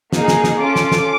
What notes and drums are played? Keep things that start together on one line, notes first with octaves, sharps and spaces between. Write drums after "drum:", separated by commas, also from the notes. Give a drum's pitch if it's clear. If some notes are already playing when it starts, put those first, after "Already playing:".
A#3 D#4 G#4, drum: snare
drum: snare
drum: snare
C#4 F4 A4 D6
drum: snare
drum: snare